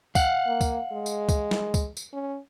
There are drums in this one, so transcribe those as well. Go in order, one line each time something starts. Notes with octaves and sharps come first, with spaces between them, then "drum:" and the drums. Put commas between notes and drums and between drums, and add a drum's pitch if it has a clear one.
F5 F#5, drum: kick C#2, tambourine
A#3
drum: kick C#2, tambourine
G#3
drum: tambourine
drum: kick C#2, tambourine
drum: snare
drum: kick C#2, tambourine
drum: tambourine
C#4